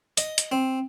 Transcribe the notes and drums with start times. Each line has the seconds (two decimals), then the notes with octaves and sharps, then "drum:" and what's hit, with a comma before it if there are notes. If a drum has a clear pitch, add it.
0.17 D#5, drum: hi-hat
0.38 drum: hi-hat
0.52 C4